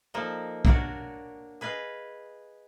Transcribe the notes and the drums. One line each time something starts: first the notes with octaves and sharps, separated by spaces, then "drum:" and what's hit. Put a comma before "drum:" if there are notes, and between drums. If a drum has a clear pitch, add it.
F3 A#3 D#4 A4 D5 D#5
A#3 D4 F#4 A#4 C#5 D5, drum: kick
G#4 B4 D#5 F5